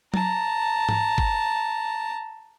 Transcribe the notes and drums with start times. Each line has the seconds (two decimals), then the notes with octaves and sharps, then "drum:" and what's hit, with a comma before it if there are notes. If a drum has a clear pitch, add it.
0.14 A5 A#5, drum: tom F#3
0.89 drum: tom G#2
1.18 drum: kick